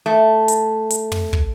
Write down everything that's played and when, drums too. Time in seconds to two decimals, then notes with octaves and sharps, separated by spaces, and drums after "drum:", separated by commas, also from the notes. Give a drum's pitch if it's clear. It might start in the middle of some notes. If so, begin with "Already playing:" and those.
0.06 A3
0.48 drum: hi-hat
0.90 drum: hi-hat
1.12 drum: tom
1.33 drum: kick